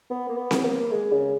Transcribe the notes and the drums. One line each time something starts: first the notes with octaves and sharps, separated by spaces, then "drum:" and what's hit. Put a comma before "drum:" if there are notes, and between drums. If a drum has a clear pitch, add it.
B3
A#3
B3
drum: snare C4
A#3
G#3
C#3